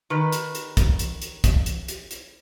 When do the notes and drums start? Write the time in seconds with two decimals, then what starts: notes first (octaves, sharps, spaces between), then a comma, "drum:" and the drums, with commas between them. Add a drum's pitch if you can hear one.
0.10 D#3 B4
0.32 drum: hi-hat
0.55 drum: hi-hat
0.77 drum: kick, hi-hat
0.99 drum: hi-hat
1.22 drum: hi-hat
1.44 drum: kick, hi-hat
1.66 drum: hi-hat
1.88 drum: hi-hat
2.11 drum: hi-hat